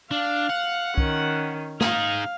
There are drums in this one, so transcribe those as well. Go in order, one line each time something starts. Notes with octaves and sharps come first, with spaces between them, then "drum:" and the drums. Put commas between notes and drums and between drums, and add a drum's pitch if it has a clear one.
D4 F5
F#5
D#3 C#4, drum: kick
D#4 G#4 F5, drum: snare